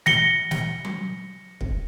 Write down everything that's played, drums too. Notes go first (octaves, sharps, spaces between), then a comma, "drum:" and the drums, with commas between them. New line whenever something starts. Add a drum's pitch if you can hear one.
A#6 C#7 G7, drum: snare
drum: snare
drum: tom F#3
drum: kick